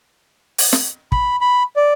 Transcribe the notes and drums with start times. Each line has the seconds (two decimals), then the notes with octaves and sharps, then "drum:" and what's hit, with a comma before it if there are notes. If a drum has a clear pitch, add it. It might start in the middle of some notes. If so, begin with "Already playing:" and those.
0.58 drum: open hi-hat
0.73 drum: snare
1.12 B5, drum: kick
1.41 B5
1.76 D5